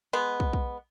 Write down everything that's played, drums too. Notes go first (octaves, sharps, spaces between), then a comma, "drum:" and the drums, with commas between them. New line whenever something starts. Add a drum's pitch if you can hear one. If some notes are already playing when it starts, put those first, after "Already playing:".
G#3 B3
drum: kick
drum: kick